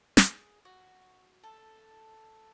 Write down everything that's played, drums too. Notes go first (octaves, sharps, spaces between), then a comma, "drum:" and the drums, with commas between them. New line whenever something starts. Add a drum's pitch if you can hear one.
G#4, drum: snare
F#4
A4